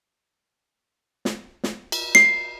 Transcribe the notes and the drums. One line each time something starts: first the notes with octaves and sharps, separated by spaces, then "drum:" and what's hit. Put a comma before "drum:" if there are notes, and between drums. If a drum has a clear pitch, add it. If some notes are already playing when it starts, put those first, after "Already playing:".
drum: snare
drum: snare
drum: cymbal
C7, drum: snare